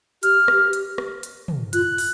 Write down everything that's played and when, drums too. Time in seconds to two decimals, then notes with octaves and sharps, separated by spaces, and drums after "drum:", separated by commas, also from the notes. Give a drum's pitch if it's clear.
0.23 G4 F6, drum: hi-hat
0.48 drum: rim click
0.73 drum: hi-hat
0.98 drum: rim click
1.23 drum: hi-hat
1.48 drum: tom
1.73 F4 F#6, drum: hi-hat
1.98 drum: open hi-hat